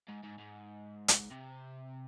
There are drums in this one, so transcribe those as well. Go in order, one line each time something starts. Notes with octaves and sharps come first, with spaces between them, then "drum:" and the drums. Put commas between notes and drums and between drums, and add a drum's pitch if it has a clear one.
G#2
G#2
G#2
drum: hi-hat
C3